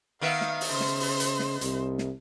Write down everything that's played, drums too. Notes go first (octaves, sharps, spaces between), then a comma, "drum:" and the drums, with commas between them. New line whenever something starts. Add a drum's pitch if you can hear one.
D#3 B3 E5 F5
drum: snare
drum: open hi-hat
C#3 C5
drum: snare
drum: open hi-hat
drum: hi-hat
drum: snare
C2, drum: hi-hat
drum: snare